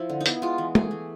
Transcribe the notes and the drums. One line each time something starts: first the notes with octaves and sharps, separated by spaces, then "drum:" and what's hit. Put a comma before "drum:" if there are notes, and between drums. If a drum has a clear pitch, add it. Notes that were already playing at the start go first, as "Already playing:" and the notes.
Already playing: F3 E4
D3
D#4
B3 E4, drum: hi-hat
G#3 F4
E3
A3 G#4, drum: tom
E3